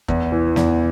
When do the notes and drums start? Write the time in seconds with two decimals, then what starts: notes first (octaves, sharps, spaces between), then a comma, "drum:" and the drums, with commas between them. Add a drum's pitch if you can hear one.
0.08 E2, drum: kick
0.32 E3
0.56 E2, drum: snare